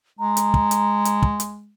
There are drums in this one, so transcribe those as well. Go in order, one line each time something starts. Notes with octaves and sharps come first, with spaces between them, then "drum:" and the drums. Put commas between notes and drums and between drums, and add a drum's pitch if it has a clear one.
G#3 A#5
drum: hi-hat
drum: kick
drum: hi-hat
drum: hi-hat
drum: kick
drum: hi-hat